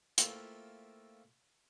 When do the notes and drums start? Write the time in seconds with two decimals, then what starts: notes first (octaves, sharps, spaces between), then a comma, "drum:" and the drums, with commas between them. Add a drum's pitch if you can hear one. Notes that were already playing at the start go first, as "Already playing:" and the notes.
0.18 A3 A#3 C4 E4 F4, drum: hi-hat